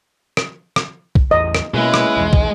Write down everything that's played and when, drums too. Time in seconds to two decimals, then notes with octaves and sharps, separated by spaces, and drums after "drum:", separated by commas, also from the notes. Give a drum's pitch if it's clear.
0.37 drum: rim click
0.76 drum: rim click
1.15 drum: kick
1.31 A1 E2 D#5
1.55 drum: rim click
1.74 B2 G#3 A#3 C#4 E4 B4
1.94 drum: rim click
2.17 B1 E2
2.33 drum: kick